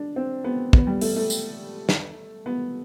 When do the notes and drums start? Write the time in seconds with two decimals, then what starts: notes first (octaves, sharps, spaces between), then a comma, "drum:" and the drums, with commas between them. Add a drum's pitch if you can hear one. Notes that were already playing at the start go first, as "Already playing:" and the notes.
Already playing: D4
0.16 C4
0.44 B3
0.73 B3, drum: kick
0.87 G3
1.01 A3, drum: open hi-hat
1.16 A3
1.30 drum: tambourine
1.89 drum: snare
2.46 B3